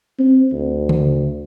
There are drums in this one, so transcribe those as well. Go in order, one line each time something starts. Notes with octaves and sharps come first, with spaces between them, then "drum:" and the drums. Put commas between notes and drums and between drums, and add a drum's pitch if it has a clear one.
C4
D2
drum: tom C#3